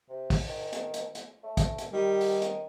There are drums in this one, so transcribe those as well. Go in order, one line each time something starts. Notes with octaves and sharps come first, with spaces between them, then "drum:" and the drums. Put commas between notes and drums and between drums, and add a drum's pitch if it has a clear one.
C3
drum: kick, open hi-hat
D#3
drum: hi-hat
drum: hi-hat
drum: hi-hat
A3
drum: kick, hi-hat
drum: hi-hat
D#3 G3
drum: open hi-hat
drum: hi-hat